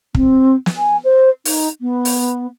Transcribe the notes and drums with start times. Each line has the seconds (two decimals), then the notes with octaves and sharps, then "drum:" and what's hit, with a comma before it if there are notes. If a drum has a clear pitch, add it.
0.15 C4, drum: kick
0.66 drum: snare
0.76 G#5
1.04 C5
1.45 D#4, drum: open hi-hat
1.81 B3
2.05 drum: open hi-hat